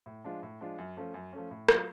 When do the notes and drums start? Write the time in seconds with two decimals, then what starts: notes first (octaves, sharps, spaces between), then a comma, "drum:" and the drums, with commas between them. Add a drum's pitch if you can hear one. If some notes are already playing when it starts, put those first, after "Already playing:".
0.06 A2
0.24 F3 G#3 D4 F4
0.43 A2
0.61 F3 G#3 D4 F4
0.78 F#2
0.97 F3 A3 C#4
1.14 F#2
1.33 F3 A3 C#4
1.51 A2
1.69 F#3 A3 F4, drum: rim click